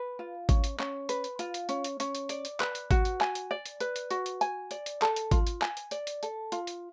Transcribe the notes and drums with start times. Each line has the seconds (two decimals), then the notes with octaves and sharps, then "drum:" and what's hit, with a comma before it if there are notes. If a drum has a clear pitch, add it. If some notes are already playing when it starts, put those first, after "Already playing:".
Already playing: B4
0.19 F4
0.49 C#4, drum: kick G#1, hi-hat
0.64 drum: hi-hat
0.79 C#4, drum: clap
1.09 B4, drum: hi-hat
1.24 drum: hi-hat
1.39 F4, drum: hi-hat
1.54 drum: hi-hat
1.69 C#4, drum: hi-hat
1.84 drum: hi-hat
2.00 C#4, drum: hi-hat
2.15 drum: hi-hat
2.29 D5, drum: hi-hat
2.45 drum: hi-hat
2.60 B4, drum: clap
2.75 drum: hi-hat
2.91 F#4, drum: kick G#1, hi-hat
3.05 drum: hi-hat
3.21 G#5, drum: clap
3.35 drum: hi-hat
3.51 D5
3.66 drum: hi-hat
3.80 B4, drum: hi-hat
3.96 drum: hi-hat
4.11 F#4, drum: hi-hat
4.26 drum: hi-hat
4.41 G#5, drum: hi-hat
4.71 D5, drum: hi-hat
4.86 drum: hi-hat
5.02 A4, drum: clap
5.16 drum: hi-hat
5.31 F4, drum: kick G#1, hi-hat
5.47 drum: hi-hat
5.62 G#5, drum: clap
5.77 drum: hi-hat
5.91 D5, drum: hi-hat
6.07 drum: hi-hat
6.23 A4, drum: hi-hat
6.52 F4, drum: hi-hat
6.67 drum: hi-hat